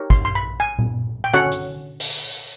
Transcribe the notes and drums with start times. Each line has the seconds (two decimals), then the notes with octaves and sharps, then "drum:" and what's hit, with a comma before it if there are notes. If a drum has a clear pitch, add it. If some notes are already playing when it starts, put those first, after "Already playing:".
Already playing: D#4 G4 A#4 C#5
0.10 C6, drum: kick
0.25 C6
0.35 B5
0.60 G#5
0.79 drum: tom A#2
1.24 G5
1.34 C#4 F#4 A4 C#5 F#5, drum: tom D3
1.51 drum: hi-hat
2.00 drum: open hi-hat